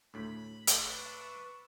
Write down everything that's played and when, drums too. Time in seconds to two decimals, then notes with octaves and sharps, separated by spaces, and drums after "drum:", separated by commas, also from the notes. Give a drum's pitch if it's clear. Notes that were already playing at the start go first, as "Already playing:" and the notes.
0.14 D2 A2 B5
0.67 drum: hi-hat
0.80 D4 B4 D5 E5 C#6